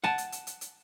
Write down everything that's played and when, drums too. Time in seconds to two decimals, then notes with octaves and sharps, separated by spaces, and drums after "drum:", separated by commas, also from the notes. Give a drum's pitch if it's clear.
0.04 F#5 A5, drum: snare
0.18 drum: hi-hat
0.32 drum: hi-hat
0.47 drum: hi-hat
0.61 drum: hi-hat